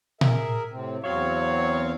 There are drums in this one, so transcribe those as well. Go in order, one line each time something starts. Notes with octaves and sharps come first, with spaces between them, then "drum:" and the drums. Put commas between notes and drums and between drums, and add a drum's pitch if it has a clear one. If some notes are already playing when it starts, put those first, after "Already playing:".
G#4 A#4 E5, drum: tom A#2
A2 C3 C4
E2 F#3 C4 C#5 F5